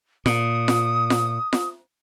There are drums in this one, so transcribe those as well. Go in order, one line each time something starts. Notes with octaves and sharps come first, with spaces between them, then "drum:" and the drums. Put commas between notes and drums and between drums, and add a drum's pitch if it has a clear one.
A#2 D#6, drum: snare F4
drum: snare F4
drum: snare F4
drum: snare F4